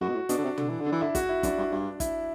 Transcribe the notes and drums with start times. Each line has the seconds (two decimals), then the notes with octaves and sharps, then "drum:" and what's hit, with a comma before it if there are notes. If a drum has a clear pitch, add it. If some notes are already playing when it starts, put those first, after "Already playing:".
0.01 F#2 F#4
0.09 B2
0.15 A2
0.29 B2 D4, drum: hi-hat
0.38 D3
0.44 C3
0.58 D3, drum: tom
0.69 E3
0.81 D3
0.86 D4
0.92 E3
1.01 D3 E4
1.15 F#4, drum: kick, hi-hat
1.29 E4
1.43 F#2 D4, drum: kick, hi-hat
1.58 G2
1.72 G2
2.00 E4, drum: kick, hi-hat